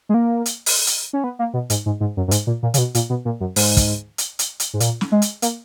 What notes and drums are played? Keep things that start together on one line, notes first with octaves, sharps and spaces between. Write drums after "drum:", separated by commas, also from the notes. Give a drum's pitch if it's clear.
G#3
A#3
drum: hi-hat
drum: open hi-hat
drum: hi-hat
C#4
B3
A#3
B2
G#2, drum: hi-hat
G#2
G#2
F#2
F#2
G#2, drum: hi-hat
A#2
A#2
C#3, drum: hi-hat
B2
A#2, drum: hi-hat
B2
A#2
F#2
G#2, drum: open hi-hat
drum: kick, hi-hat
drum: hi-hat
drum: hi-hat
drum: hi-hat
G#2
A#2, drum: hi-hat
drum: snare
G#3
drum: hi-hat
A#3, drum: hi-hat